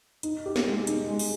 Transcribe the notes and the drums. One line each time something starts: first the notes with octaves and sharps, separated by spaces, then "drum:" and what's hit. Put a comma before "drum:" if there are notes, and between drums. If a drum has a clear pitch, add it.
D#4, drum: hi-hat
G4
drum: snare
G#3
D#4, drum: hi-hat
G#3
drum: open hi-hat